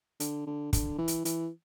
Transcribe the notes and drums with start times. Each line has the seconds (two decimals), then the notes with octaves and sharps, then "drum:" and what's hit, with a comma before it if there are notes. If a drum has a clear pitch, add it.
0.20 D3, drum: hi-hat
0.46 D3
0.73 D3, drum: kick, hi-hat
0.99 E3
1.08 drum: hi-hat
1.25 E3, drum: hi-hat